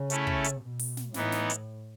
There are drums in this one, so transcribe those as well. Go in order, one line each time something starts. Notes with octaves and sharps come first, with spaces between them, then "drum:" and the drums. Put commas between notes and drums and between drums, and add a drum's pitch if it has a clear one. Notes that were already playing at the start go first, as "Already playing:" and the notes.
Already playing: C#3
A3 C#4 E4 A4, drum: hi-hat
drum: kick
drum: hi-hat
B2
drum: open hi-hat
drum: snare
A2 E3 B3 D#4, drum: snare
drum: snare
drum: hi-hat